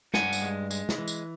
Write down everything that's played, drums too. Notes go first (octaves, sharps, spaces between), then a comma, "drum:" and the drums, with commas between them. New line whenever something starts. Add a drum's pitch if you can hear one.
G2 F#5 G#5, drum: snare
drum: tambourine
G#3
G#3, drum: tambourine
drum: snare
E3
drum: tambourine